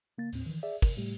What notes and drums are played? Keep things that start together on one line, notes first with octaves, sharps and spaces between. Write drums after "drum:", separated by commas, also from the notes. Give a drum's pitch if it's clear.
C#3 A#3 A6
D#2 A2 C4, drum: open hi-hat
D#3 E3
G#4 D5 E5
A#4, drum: kick, open hi-hat
A2 G3 A3 G4